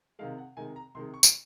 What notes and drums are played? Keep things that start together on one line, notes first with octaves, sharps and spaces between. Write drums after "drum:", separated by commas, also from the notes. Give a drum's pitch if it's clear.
C3 D#3 G#3 F5
F#5
C3 D#3 G#3 G#5
A#5
C3 D#3 G#3 C6
C#6
drum: tambourine